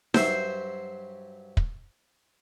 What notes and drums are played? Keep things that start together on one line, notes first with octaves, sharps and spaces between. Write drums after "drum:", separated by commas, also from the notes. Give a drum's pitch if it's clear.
G2 F#3 C5 E5, drum: snare D#4
drum: kick